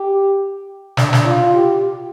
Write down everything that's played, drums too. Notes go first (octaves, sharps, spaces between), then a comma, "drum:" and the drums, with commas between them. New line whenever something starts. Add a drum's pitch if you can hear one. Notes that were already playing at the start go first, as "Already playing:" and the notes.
Already playing: G4
D4, drum: snare
drum: snare
F4
G4